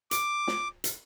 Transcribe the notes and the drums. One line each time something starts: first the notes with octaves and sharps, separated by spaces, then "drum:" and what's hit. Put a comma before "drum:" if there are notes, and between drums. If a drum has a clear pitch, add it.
D6, drum: hi-hat
drum: snare
drum: hi-hat